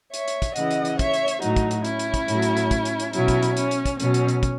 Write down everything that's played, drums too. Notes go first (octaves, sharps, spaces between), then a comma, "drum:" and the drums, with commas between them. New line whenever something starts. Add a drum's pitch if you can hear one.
C#5 E5, drum: hi-hat
drum: hi-hat
drum: kick, hi-hat
C#3 E3 D#5 F#5, drum: hi-hat
drum: hi-hat
drum: hi-hat
C#5 E5, drum: kick, hi-hat
drum: hi-hat
drum: hi-hat
A2 F#3 D#4 F#4, drum: hi-hat
drum: kick, hi-hat
drum: hi-hat
C#4 E4, drum: hi-hat
drum: hi-hat
drum: kick, hi-hat
A2 F#3, drum: hi-hat
drum: hi-hat
drum: hi-hat
drum: kick, hi-hat
drum: hi-hat
drum: hi-hat
B2 F#3 C#4 E4, drum: hi-hat
drum: kick, hi-hat
drum: hi-hat
C#4, drum: hi-hat
drum: hi-hat
drum: kick, hi-hat
B2 F#3 C#4, drum: hi-hat
drum: hi-hat
drum: hi-hat
drum: kick, hi-hat